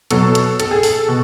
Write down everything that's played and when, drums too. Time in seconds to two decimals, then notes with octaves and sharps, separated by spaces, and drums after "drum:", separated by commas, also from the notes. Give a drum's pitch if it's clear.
0.11 B2 F#3 A4, drum: hi-hat
0.35 drum: hi-hat
0.60 A4, drum: hi-hat
0.71 G#4
0.83 A4, drum: open hi-hat
1.08 B2